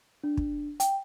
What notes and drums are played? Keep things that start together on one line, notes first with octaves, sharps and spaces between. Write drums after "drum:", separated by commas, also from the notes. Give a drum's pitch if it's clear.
D4
drum: kick
G5, drum: hi-hat